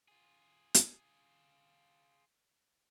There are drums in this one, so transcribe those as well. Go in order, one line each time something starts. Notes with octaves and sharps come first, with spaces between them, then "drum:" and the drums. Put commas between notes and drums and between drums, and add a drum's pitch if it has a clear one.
F4 G#4
drum: hi-hat